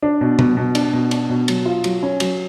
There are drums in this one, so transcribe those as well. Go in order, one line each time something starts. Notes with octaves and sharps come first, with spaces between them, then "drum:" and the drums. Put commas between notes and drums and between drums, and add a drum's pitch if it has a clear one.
D4
B2
B2, drum: tom B2
B2
D4, drum: cymbal
B2
D4, drum: cymbal
B2
F#3, drum: cymbal
F4
F#3, drum: cymbal
C#4
F#3, drum: cymbal